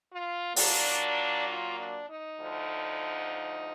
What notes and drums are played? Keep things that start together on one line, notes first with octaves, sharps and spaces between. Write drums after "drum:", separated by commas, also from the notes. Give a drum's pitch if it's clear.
F4
A#2 F#3 A#3 D4, drum: open hi-hat
F4
D4
D#4
D2 D3 F3